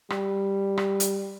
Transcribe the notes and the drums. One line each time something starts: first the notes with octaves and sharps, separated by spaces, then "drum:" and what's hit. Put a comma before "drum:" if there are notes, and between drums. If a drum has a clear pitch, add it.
G3, drum: rim click
drum: rim click
drum: hi-hat